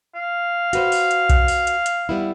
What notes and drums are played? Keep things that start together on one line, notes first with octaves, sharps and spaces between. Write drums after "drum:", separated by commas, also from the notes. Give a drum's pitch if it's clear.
F5
F#4 B4 C5, drum: hi-hat
drum: open hi-hat
drum: hi-hat
drum: kick B1, hi-hat
drum: open hi-hat
drum: hi-hat
drum: hi-hat
G3 B3 E4